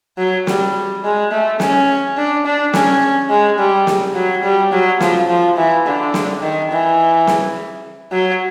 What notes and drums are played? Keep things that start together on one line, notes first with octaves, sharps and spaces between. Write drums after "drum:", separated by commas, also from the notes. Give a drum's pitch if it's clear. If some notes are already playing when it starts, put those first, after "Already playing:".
F#3
G3, drum: snare
G#3
A3
C#4, drum: snare
D4
D4
C#4, drum: snare
G#3
G3
drum: snare
F#3
G3
F#3
F3, drum: snare
F3
E3
D3
drum: snare
D#3
E3
drum: snare
F#3